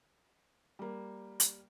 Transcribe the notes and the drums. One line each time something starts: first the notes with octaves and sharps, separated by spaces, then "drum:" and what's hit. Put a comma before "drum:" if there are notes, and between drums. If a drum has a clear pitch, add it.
G3 A#3
drum: hi-hat